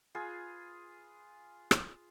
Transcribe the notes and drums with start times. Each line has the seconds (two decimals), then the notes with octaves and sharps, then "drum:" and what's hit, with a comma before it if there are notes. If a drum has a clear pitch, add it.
0.15 F4 G#4 B4
1.71 drum: rim click